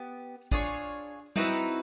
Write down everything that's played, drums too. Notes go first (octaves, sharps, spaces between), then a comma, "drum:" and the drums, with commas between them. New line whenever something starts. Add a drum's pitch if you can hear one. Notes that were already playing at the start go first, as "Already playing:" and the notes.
Already playing: B3 G4
D4 F4 G#4 C#5, drum: kick
C4 D#4 E4 F#4 B4, drum: tom G3